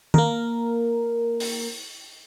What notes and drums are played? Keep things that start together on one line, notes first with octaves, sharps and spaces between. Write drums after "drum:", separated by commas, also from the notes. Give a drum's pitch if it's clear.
A#3 A#4, drum: tom
drum: open hi-hat